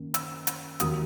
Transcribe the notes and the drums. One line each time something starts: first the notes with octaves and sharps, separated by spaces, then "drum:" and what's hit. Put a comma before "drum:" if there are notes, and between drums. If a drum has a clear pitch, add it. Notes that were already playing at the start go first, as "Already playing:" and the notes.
Already playing: F#2 D#3 A#3
E6, drum: hi-hat
drum: hi-hat
D#2 D#3 F#3 A#3 D#6, drum: hi-hat